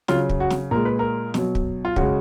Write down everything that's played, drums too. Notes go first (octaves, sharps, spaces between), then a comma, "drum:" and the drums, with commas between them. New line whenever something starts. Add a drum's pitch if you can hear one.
C#3 F#3 F4, drum: snare
drum: kick
F#4
drum: snare
A#2 G#3 A#4
B4
A#4
B2 F#3, drum: snare
drum: kick
F4
C#3 G#3 F#4, drum: kick